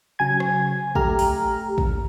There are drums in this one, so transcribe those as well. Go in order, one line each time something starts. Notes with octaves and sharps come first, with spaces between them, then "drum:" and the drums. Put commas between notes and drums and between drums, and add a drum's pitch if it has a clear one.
C#3 F#3 G#5 G#6
drum: rim click
A3 G4 A#5 F6, drum: kick
drum: open hi-hat
drum: kick